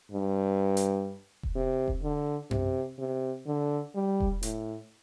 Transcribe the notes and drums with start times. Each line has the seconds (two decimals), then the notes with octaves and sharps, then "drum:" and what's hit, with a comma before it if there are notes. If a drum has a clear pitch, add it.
0.12 G2
0.77 drum: hi-hat
1.43 drum: kick E1
1.55 C3
1.88 drum: kick E1
2.03 D3
2.51 C3, drum: tom F#2
2.99 C3
3.47 D3
3.95 G3
4.20 drum: kick E1
4.43 A2, drum: hi-hat